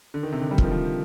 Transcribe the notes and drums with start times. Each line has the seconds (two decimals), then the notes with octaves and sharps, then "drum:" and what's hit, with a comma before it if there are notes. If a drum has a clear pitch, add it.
0.14 D3
0.23 D#3
0.32 C3
0.41 D3
0.51 G3
0.58 F3, drum: kick
0.64 D#3
0.72 F3